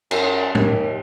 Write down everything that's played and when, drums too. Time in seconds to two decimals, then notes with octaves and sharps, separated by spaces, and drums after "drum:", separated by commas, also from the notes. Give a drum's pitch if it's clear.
0.11 F#2, drum: cymbal
0.55 D#2, drum: tom